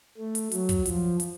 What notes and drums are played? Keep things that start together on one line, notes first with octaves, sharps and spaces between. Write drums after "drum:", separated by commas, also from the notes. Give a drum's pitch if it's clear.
A3
drum: hi-hat
F#3, drum: hi-hat
drum: kick, hi-hat
F3, drum: hi-hat
drum: hi-hat